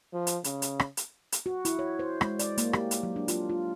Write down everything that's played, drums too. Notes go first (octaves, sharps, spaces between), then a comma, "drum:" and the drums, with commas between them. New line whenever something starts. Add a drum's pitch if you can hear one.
F3
drum: hi-hat
C#3, drum: hi-hat
drum: hi-hat
drum: rim click
drum: hi-hat
drum: hi-hat
F#4
E4, drum: hi-hat
C#5
C5
G#3, drum: rim click
D5, drum: hi-hat
A#3, drum: hi-hat
G4, drum: rim click
drum: hi-hat
F#3
D4
F4, drum: hi-hat
F4